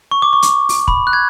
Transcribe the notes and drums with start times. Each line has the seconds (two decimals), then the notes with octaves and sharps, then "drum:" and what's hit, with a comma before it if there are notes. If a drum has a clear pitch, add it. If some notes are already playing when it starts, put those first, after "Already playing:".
0.11 C#6
0.22 D6
0.33 C#6
0.42 drum: hi-hat
0.69 drum: open hi-hat
0.88 B5, drum: kick
1.07 F#6
1.13 G#6